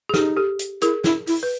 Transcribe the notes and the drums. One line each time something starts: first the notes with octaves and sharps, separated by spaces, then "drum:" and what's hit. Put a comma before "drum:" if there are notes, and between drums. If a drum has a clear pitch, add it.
G#4
D#4 G4 A4, drum: snare
G4 A4
drum: hi-hat
E4 G#4 A#4, drum: hi-hat
E4, drum: snare
E4, drum: open hi-hat
B4